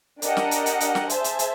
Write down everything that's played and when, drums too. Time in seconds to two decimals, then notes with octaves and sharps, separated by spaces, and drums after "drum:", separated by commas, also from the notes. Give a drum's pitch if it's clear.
0.22 D4 G4 A#4 D#5 F#5, drum: hi-hat
0.37 drum: snare
0.51 drum: hi-hat
0.66 drum: hi-hat
0.80 drum: hi-hat
0.95 drum: snare
1.09 G#4 C5 E5 A5, drum: hi-hat
1.24 drum: hi-hat
1.39 drum: hi-hat